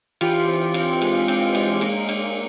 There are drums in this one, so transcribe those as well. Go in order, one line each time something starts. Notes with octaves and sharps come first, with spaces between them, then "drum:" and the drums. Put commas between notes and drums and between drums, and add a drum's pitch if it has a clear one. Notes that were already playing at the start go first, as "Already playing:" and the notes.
E3 F4 G4, drum: cymbal
C4
C4, drum: cymbal
G#3, drum: cymbal
C4, drum: cymbal
G#3, drum: cymbal
A#3, drum: cymbal
A#3, drum: cymbal